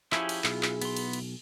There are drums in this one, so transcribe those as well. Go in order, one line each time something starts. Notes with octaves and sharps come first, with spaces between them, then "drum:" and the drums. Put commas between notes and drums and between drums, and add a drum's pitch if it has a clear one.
F3 C#4 E4 G4 G#4 E5, drum: clap
drum: cymbal
B1 F4 G#4, drum: clap
drum: clap
B3 C6, drum: cymbal
drum: cymbal
drum: cymbal